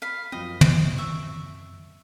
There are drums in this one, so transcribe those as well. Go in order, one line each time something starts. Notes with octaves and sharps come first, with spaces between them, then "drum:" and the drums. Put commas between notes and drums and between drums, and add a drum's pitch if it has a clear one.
F5 B5
F#2 F3 C4 D#5
drum: tom
E5 C#6